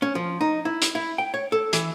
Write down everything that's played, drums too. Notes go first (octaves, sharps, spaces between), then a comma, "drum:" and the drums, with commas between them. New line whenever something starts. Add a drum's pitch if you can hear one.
C#4
F3
D#4
E4
drum: hi-hat
E4
G5
C#5
A4
E3, drum: hi-hat